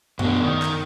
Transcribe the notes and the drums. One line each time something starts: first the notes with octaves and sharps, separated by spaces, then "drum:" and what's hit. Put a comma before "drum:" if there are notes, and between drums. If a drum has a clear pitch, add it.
B2 D4, drum: tom F#2
D#3
drum: clap